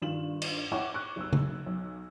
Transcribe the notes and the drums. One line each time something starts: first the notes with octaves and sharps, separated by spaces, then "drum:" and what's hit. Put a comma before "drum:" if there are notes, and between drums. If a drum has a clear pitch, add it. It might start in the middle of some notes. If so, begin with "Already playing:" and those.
G2 D#3 F4 E7 F#7
drum: cymbal
E4 C#5 F#5 G5 C#6 D6
C#6 D6 F#6
F#1 B1 E6
drum: tom C#3
B1